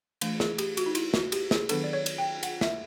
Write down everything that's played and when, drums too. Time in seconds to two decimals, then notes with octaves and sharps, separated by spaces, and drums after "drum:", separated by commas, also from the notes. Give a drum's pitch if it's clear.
0.21 E3 A3 D4, drum: cymbal
0.40 G#4, drum: snare
0.58 G4, drum: cymbal
0.77 F#4, drum: cymbal
0.86 D#4
0.95 E4, drum: cymbal
1.14 F#4, drum: snare
1.32 G4, drum: cymbal
1.51 G#4, drum: snare
1.69 D#3 F#3 B3 D4 A4, drum: cymbal
1.84 D5
1.93 C#5
2.06 drum: cymbal
2.18 G5
2.43 F#5, drum: cymbal
2.61 E5, drum: snare